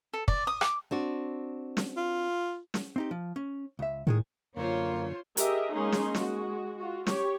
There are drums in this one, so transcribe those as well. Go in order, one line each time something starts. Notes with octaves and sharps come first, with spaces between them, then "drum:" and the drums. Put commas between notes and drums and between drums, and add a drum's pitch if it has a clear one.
A4
D5, drum: kick
D#6
D6, drum: rim click
C4 D4 F#4
drum: snare
F4
drum: snare
C4 D#4 G4
F3
C#4
C#2 E5
A2 D#3 G#3 G#4
F#2 D3 A#3 F4 C5 C#5
G4 G#4 A#4 D#5 E5, drum: hi-hat
G#3 A#3 C#4 D#4 G#4 C6
drum: snare
G#3 F#4, drum: snare
F4 F#4
G4 C#5, drum: snare